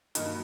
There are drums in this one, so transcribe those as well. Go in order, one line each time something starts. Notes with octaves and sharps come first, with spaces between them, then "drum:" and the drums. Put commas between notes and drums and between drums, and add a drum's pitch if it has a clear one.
G2 D#3 F#3 A#3 D#4, drum: hi-hat